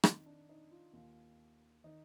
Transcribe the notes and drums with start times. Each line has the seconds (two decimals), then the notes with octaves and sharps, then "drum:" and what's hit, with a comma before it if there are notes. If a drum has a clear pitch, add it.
0.04 F2 D#3 D#4, drum: rim click
0.26 D4
0.49 D#4
0.71 F4
0.93 D#2 D#3
1.84 D#3 D#4